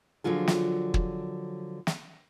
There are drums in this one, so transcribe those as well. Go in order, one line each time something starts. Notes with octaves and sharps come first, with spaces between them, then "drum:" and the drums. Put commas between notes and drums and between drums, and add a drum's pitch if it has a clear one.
D3 F3 F#3 F4 G#4
drum: snare
drum: kick
drum: snare